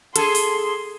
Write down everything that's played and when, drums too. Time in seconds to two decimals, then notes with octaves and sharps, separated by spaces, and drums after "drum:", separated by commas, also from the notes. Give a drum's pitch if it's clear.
0.16 G#4 A4 C6, drum: hi-hat
0.35 drum: open hi-hat